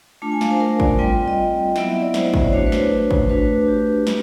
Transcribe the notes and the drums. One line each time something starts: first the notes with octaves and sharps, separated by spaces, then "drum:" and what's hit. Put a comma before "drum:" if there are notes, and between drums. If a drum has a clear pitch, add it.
A3 D4 F4 A5
G#5
F5, drum: snare
C5
A#4
D5, drum: kick
G3 C4 F4 G5
D#5
F#3 B3 E4 E5, drum: snare
D#5
D5
C5, drum: snare
drum: kick
C#5
A3 D4 F#4 C5
B4
C5, drum: snare
C5
drum: kick
A3 D4 F#4 B4
F#4
G4
G3 C4 F4, drum: snare